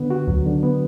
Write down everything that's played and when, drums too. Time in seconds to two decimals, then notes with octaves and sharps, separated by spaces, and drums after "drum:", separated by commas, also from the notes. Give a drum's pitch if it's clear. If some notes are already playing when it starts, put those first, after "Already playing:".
Already playing: D3 B3
0.10 F#4
0.27 F#3, drum: kick C#2
0.46 D3
0.63 B3